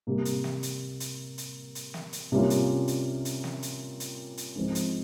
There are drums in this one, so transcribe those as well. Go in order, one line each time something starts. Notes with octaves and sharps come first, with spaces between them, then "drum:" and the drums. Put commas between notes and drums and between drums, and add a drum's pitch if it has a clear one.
C3 G3 A#3
drum: hi-hat
drum: snare
drum: hi-hat
drum: hi-hat
drum: hi-hat
drum: hi-hat
drum: snare
drum: hi-hat
C3 G3 A#3 C#4 F4
drum: hi-hat
drum: hi-hat
drum: hi-hat
drum: snare
drum: hi-hat
drum: hi-hat
drum: hi-hat
G#2 F3 C4
drum: hi-hat